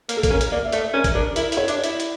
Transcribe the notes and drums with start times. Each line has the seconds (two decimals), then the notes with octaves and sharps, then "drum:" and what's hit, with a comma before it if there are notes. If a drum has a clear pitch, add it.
0.09 A#3, drum: hi-hat
0.17 A4
0.23 A#3, drum: kick, hi-hat
0.30 C#4 A#4
0.41 drum: hi-hat
0.52 A#3 D5
0.64 E5
0.72 A3 D5, drum: hi-hat
0.94 C#4 A#4
1.04 drum: kick, hi-hat
1.14 D4 A#4
1.36 E4 A#4, drum: hi-hat
1.52 E4, drum: hi-hat
1.57 C#5
1.68 D4, drum: hi-hat
1.78 D5
1.84 E4, drum: hi-hat
2.00 drum: hi-hat